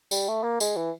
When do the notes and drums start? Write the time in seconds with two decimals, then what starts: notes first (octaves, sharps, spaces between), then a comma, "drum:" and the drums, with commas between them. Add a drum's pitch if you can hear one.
0.11 G3, drum: tambourine
0.28 A3
0.43 A#3
0.60 G#3, drum: tambourine
0.76 E3